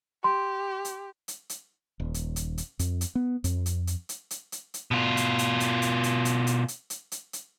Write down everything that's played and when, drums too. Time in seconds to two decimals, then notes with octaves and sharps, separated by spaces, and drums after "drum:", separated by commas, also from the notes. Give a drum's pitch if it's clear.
0.24 G4 C6
0.85 drum: hi-hat
1.28 drum: hi-hat
1.50 drum: hi-hat
2.00 D#1
2.14 drum: hi-hat
2.36 drum: hi-hat
2.58 drum: hi-hat
2.79 F2, drum: hi-hat
3.01 drum: hi-hat
3.15 B3
3.44 F2, drum: hi-hat
3.66 drum: hi-hat
3.87 drum: hi-hat
4.09 drum: hi-hat
4.31 drum: hi-hat
4.52 drum: hi-hat
4.74 drum: hi-hat
4.91 B2 F4
5.17 drum: hi-hat
5.39 drum: hi-hat
5.60 drum: hi-hat
5.82 drum: hi-hat
6.03 drum: hi-hat
6.25 drum: hi-hat
6.47 drum: hi-hat
6.68 drum: hi-hat
6.90 drum: hi-hat
7.12 drum: hi-hat
7.33 drum: hi-hat